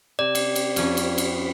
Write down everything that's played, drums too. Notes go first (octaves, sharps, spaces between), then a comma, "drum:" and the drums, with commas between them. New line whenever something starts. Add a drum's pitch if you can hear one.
C3 D5
drum: cymbal
drum: cymbal
F2 F3 C#4, drum: cymbal
drum: cymbal
drum: cymbal